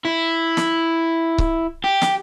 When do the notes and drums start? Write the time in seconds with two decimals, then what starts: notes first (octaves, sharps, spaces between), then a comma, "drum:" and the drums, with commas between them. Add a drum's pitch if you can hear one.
0.05 E4
0.57 drum: snare
1.38 drum: kick C#1
1.84 G4
2.02 drum: snare